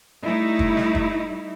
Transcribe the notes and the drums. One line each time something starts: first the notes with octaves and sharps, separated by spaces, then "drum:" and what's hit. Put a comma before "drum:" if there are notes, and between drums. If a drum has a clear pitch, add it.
G3 A3 D#4 E4
drum: kick
drum: snare
drum: kick